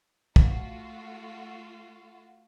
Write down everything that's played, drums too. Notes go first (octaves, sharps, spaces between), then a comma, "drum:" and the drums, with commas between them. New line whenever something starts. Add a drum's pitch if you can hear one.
A3 F4 F#4, drum: kick